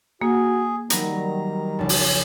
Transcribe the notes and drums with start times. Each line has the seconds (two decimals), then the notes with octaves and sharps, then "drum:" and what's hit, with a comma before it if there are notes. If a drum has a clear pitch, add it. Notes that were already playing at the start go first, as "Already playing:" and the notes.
0.22 A#3 F#4 G#4
0.90 D#3 F#3 G3 A#5 B5 A#6, drum: hi-hat
1.79 F1 C#2 A5
1.89 drum: open hi-hat